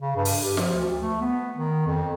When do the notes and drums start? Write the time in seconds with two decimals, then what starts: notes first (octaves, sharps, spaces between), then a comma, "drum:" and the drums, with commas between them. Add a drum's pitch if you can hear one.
0.02 C#3
0.16 G2
0.25 drum: open hi-hat
0.43 G4
0.57 F3, drum: snare
0.76 D2
0.98 A3
1.21 B3
1.57 D#3
1.87 F2